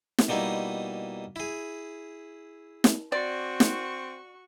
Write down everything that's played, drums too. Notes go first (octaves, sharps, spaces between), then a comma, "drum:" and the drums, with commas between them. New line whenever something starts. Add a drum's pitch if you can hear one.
drum: snare
B2 G3 A#3 D#4 E4
E4 G#4
drum: snare
C4 F#4 D5 C#6
drum: snare